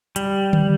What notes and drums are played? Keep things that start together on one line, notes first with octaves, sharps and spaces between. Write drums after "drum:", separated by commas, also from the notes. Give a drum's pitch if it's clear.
G3, drum: hi-hat
drum: tom D3